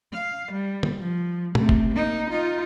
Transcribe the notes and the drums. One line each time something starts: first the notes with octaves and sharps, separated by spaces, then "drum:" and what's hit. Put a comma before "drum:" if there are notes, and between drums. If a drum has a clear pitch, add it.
F5
G3
drum: tom
F3
C3 A3, drum: tom
drum: kick G1
A#3 D#4
D#4 F4